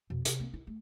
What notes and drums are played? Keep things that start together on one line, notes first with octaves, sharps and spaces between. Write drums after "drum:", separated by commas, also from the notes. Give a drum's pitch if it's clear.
F2 B2
C3, drum: hi-hat
A#3 C4
E4
A3